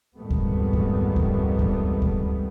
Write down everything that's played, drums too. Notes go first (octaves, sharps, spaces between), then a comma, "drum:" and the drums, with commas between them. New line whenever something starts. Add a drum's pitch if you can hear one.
F2 G#2 D#3 G3 A3 B3
drum: kick D2
drum: kick D2
drum: kick D2
drum: kick D2
drum: kick D2